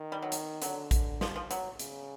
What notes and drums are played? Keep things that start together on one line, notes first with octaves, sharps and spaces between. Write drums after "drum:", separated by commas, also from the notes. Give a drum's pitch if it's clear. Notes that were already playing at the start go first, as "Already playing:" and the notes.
Already playing: D#3
G3
F#3
drum: hi-hat
D3 F#3, drum: hi-hat
drum: kick A1, hi-hat
F3, drum: snare
F3
F#3, drum: hi-hat
C#3, drum: hi-hat